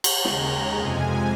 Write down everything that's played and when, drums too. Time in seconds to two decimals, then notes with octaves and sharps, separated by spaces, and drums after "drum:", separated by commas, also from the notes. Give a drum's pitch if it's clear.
0.04 drum: cymbal
0.25 D#2 C#3 G#3 A#5, drum: snare
0.74 F2 C3 F3 G#3 G#5